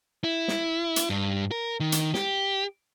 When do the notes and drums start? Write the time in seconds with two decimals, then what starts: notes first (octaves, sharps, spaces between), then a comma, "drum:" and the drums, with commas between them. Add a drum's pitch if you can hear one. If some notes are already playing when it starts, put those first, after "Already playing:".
0.24 E4
0.48 drum: snare
0.96 drum: hi-hat
1.10 G2
1.51 A#4
1.80 D#3
1.92 drum: hi-hat
2.14 G4, drum: snare